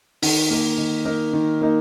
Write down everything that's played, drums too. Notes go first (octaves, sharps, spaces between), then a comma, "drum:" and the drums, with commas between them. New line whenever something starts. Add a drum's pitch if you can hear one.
D#3, drum: open hi-hat
A#3 D#4 A#4
D#3
A#3 D#4 A#4
D#3
A#3 D#4